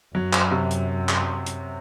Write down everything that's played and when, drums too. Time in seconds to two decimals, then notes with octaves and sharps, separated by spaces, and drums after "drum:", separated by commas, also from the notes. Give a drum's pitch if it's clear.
0.15 F#2 F#3
0.33 drum: clap
0.51 C3
0.71 drum: hi-hat
1.09 drum: clap
1.46 drum: hi-hat